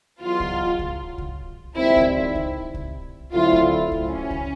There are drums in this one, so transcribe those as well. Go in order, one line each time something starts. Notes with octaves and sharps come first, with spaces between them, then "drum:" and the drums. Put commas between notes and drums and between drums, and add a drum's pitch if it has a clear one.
E2 B2 F#3 F4
drum: kick C2
drum: kick C2
drum: kick C2
A#1 G#2 D#3 G3 C4 E4
drum: kick C2
drum: kick C2
drum: kick C2
D3 F#3 A3 C4 E4 F4
drum: kick C2
drum: kick C2
C#4
drum: kick C2